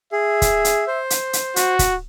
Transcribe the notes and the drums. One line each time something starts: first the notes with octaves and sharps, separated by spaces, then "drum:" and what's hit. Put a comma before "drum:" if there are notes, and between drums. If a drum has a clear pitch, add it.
G#4 E5
drum: kick, hi-hat
drum: hi-hat
C5
drum: hi-hat
drum: hi-hat
F#4, drum: hi-hat
drum: kick, hi-hat